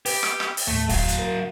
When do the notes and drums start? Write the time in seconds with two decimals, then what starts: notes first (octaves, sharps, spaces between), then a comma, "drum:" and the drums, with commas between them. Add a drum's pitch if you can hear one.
0.06 G4 B4, drum: open hi-hat
0.23 drum: rim click
0.40 drum: rim click
0.57 drum: open hi-hat
0.68 D#2 A2 A3
0.89 F#3 F5, drum: kick, open hi-hat
1.09 drum: hi-hat
1.19 A#4